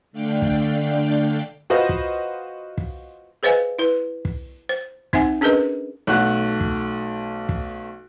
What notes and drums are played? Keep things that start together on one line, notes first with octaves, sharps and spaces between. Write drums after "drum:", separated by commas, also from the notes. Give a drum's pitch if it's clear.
D3 A3 D4 D5 F5 G5
drum: kick
F4 F#4 B4 C5 D#5 F5
drum: kick
drum: kick
G#4 B4 C5 D#5 F5 G#5
E4 B4
drum: kick
C5
C4 D#4 C5 E5 F#5 G#5, drum: kick
C#4 D4 G#4 A#4 B4 D#5
B1 A3 F#5 F#6
drum: kick
drum: kick